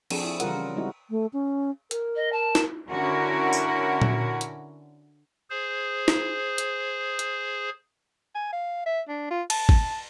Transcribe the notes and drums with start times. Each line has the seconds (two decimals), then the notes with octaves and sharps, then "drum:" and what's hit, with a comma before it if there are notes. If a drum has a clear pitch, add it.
0.10 F3 C4 D4 G#4 A4, drum: cymbal
0.24 E4
0.40 C#3 E3 G3 F4 A#4 F#5, drum: hi-hat
0.55 C#4
0.76 G3 G#3 C4 D#4 E4 F#4
1.10 A3
1.33 C#4
1.91 A#4, drum: hi-hat
2.16 D#5
2.32 A5
2.55 drum: snare
2.88 D3 C#4 E4 F#4 A#4
3.53 drum: tambourine
4.02 drum: tom A#2
4.41 drum: hi-hat
5.50 G#4 C5
6.08 drum: snare
6.58 drum: hi-hat
7.19 drum: hi-hat
8.35 G#5
8.52 F5
8.86 E5
9.09 D4
9.30 F4
9.50 A5, drum: cymbal
9.69 drum: kick G#1